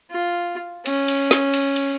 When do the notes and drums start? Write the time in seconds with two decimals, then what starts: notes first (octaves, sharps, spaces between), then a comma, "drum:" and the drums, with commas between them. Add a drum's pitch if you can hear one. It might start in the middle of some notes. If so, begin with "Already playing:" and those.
0.11 F4
0.86 C#4, drum: cymbal
1.08 drum: cymbal
1.31 drum: snare
1.54 drum: cymbal
1.76 drum: cymbal